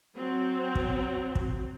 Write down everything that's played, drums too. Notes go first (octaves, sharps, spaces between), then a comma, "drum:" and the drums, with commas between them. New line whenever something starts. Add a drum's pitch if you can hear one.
F#3 C4
drum: kick
drum: kick